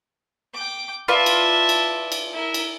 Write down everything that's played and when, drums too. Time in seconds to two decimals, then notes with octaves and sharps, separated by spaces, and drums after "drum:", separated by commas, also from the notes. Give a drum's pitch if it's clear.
0.54 G5 D6
1.08 F4 B4 D5 E5 A5
1.26 drum: cymbal
1.69 drum: cymbal
2.12 drum: cymbal
2.33 E4 A#4
2.54 drum: cymbal